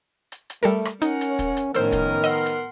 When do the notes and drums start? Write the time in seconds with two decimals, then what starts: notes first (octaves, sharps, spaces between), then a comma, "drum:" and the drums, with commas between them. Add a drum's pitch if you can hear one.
0.32 drum: hi-hat
0.50 drum: hi-hat
0.63 G3 A3 A4 A#4
0.85 drum: rim click
1.02 C#4 D#4 A#4 C#5 F#5, drum: hi-hat
1.21 drum: hi-hat
1.39 drum: kick, hi-hat
1.57 drum: hi-hat
1.74 A2 D#3 F3 B3 C#4 A#4 C5 E6, drum: hi-hat
1.92 drum: kick, hi-hat
2.24 D#5 F#5 C6 E6
2.46 drum: hi-hat